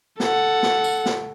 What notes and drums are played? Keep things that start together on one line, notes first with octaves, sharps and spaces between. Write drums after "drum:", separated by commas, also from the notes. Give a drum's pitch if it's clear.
A4 F#5, drum: snare
drum: snare
drum: tambourine
drum: snare